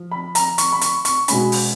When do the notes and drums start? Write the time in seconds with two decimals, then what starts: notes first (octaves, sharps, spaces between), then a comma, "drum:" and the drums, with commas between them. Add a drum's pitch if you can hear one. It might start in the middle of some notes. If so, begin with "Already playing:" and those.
Already playing: F3
0.11 B5
0.35 A#5, drum: hi-hat
0.58 C#6, drum: hi-hat
0.72 B5
0.81 C#6, drum: hi-hat
1.05 C#6, drum: hi-hat
1.28 B2 G#3 C#4 B5, drum: hi-hat
1.52 drum: open hi-hat